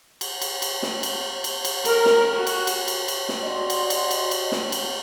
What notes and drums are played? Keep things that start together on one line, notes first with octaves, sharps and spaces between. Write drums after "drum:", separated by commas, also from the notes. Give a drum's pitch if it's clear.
drum: cymbal
drum: cymbal
drum: cymbal
drum: snare
drum: cymbal
drum: cymbal
drum: cymbal
A#4, drum: cymbal
drum: snare
F#4
drum: cymbal
drum: cymbal
drum: cymbal
drum: cymbal
drum: snare
F#4 D5 D#5 C6
drum: cymbal
drum: cymbal
drum: cymbal
drum: cymbal
drum: snare
drum: cymbal